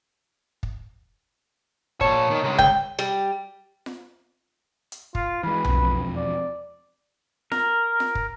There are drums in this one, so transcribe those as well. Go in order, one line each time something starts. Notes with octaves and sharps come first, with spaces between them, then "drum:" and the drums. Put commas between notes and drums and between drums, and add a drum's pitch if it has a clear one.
drum: kick
A#2 C#5 A5, drum: kick
D#3
C#3 G#3
G5, drum: kick
G3
drum: snare F4
drum: hi-hat
F4, drum: kick
E3 G#3 B4
E1 F2, drum: tom B1
D5
A#4, drum: snare F4
drum: snare F4
drum: kick